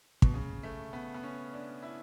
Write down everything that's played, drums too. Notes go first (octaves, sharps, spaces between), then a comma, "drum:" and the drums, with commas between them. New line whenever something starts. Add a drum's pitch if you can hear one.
B2, drum: kick
C#3
A3
B3
B3
C#4
D4
E4